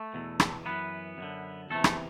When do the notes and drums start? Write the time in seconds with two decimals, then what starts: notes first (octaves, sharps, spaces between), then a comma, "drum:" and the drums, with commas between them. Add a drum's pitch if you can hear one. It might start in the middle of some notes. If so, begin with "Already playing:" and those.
Already playing: A3 A4
0.14 E2 B2
0.40 drum: rim click
0.65 F#2 E3 B3 B4
1.18 F#2 D3
1.70 E2 C3 E3 A3 A4
1.84 drum: rim click